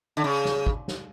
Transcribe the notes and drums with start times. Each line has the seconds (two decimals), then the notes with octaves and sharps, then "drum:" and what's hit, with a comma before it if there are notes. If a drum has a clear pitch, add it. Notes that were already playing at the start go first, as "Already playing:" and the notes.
0.17 D3
0.24 C#3
0.45 drum: snare
0.67 drum: kick
0.88 drum: snare